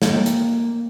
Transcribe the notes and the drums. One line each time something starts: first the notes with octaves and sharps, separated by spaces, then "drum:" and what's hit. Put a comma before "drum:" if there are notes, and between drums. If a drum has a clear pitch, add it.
A#3 G5, drum: snare
drum: hi-hat